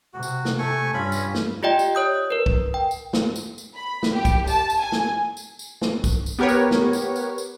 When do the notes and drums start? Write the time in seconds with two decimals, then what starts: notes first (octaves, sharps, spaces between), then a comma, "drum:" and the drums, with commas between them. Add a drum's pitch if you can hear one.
0.13 C3 F#4
0.23 drum: tambourine
0.45 drum: snare
0.59 A3 G#5 C#6
0.94 G2 C#4 F4 B5
1.12 drum: tambourine
1.34 drum: snare
1.63 F4 G4 D5 D#5 G5
1.79 drum: tambourine
1.95 C#5 D#6 G6
2.30 A#4 B4
2.46 drum: kick B1
2.74 G5
2.91 drum: tambourine
3.13 drum: snare
3.36 drum: tambourine
3.58 drum: tambourine
3.76 B5
4.03 drum: snare
4.12 G4
4.25 drum: kick B1, tambourine
4.47 A5, drum: tambourine
4.70 drum: tambourine
4.80 G#5
4.92 drum: snare
5.37 drum: tambourine
5.59 drum: tambourine
5.82 drum: snare
6.04 drum: kick B1, tambourine
6.26 drum: tambourine
6.39 B3 G4 A#4 B4 C#5
6.49 drum: tambourine
6.71 drum: snare
6.93 drum: tambourine
7.16 drum: tambourine
7.38 drum: tambourine